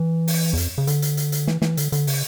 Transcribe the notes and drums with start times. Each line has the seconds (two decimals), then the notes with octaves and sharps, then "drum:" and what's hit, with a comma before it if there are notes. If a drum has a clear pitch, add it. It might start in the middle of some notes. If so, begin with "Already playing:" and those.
Already playing: E3
0.28 drum: open hi-hat
0.53 E2
0.57 F2, drum: hi-hat
0.78 C#3
0.87 D3, drum: hi-hat
1.02 drum: hi-hat
1.17 drum: hi-hat
1.32 drum: hi-hat
1.47 E3, drum: snare
1.62 E3, drum: snare
1.77 D3, drum: hi-hat
1.92 D3, drum: hi-hat
2.07 C#3, drum: open hi-hat